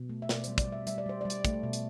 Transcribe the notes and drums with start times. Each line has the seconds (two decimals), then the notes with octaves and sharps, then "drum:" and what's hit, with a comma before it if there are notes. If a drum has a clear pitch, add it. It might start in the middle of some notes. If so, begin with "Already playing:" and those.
Already playing: B2
0.09 A3
0.22 E5
0.29 B2 D5, drum: snare
0.44 G3 C5, drum: hi-hat
0.58 D5, drum: kick, hi-hat
0.67 G3 E5
0.87 G3 E5, drum: hi-hat
0.98 D5
1.06 G3 C5
1.21 G3 D5
1.30 drum: hi-hat
1.45 A3, drum: kick, hi-hat
1.63 B2
1.73 drum: hi-hat